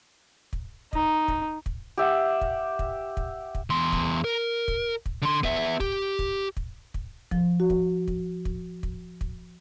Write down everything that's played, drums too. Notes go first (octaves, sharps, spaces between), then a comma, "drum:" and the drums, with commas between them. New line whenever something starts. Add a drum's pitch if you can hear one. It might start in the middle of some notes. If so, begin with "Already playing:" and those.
drum: kick
D#4, drum: kick
drum: kick
drum: kick
G4 E5 F#5
drum: kick
drum: kick
drum: kick
drum: kick
E2 C6
drum: kick
A#4
drum: kick
drum: kick
D3 C6
B3 E5, drum: kick
G4, drum: kick
drum: kick
drum: kick
drum: kick
F3, drum: kick
F#4
drum: kick
drum: kick
drum: kick
drum: kick
drum: kick